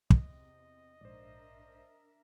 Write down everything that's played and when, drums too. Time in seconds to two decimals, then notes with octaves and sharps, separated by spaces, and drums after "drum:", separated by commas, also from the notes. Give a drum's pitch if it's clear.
0.10 E2 C3 C4 D#5, drum: kick
1.01 A#1 G#2 D4 A#4 C5 D5 E5